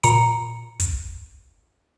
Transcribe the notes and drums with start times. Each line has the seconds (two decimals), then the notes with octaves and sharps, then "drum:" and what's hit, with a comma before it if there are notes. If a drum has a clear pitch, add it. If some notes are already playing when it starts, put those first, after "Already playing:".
0.03 A#2 A#5 C#7, drum: hi-hat
0.80 drum: kick, hi-hat